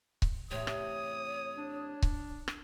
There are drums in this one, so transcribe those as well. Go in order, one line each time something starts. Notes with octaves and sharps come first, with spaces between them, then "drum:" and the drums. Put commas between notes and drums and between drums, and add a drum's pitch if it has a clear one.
drum: kick C#1
E2 A2 C3 C#5 D#6
drum: rim click
D4
drum: kick C#1
drum: rim click